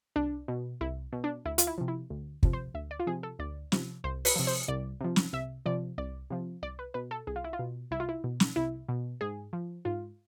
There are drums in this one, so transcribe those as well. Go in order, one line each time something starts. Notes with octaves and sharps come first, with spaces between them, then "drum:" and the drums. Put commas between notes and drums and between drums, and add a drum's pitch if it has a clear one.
C2 D4
B2
C2 E4
B2
D4
D2 E4
F4, drum: hi-hat
E4
C3 F3
E4
D2
C3 F3, drum: kick
C5
D2 E5
D5
F4
C3 F3 G#4
A4
D2 D5
C3 F3, drum: snare
C2 C5
B4, drum: open hi-hat
C3 F3
C5
C2 D5
C3 F3
drum: snare
C2 E5
C3 F3 D5
C2 D5
C3 F3
C2 D5
B4
B2 B4
A4
C2 G#4
F4
E4
F4
B2
C2 E4
F4
E4
B2
drum: snare
C2 E4
B2
G#2 G#4
F3
G#2 F4